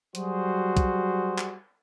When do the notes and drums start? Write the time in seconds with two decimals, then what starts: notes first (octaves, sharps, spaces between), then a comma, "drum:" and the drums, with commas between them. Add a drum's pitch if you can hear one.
0.15 F#3 G3 F#4 G#4 C5, drum: hi-hat
0.77 drum: kick, hi-hat
1.38 drum: clap